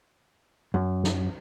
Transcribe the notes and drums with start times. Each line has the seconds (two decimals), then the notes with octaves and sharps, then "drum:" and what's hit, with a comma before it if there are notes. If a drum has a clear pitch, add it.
0.74 F#2
1.04 drum: snare